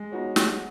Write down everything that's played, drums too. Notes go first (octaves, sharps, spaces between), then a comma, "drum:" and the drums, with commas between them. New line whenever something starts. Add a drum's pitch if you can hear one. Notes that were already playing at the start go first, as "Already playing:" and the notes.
Already playing: G#3
B3 D#4 F#4 C#5
drum: snare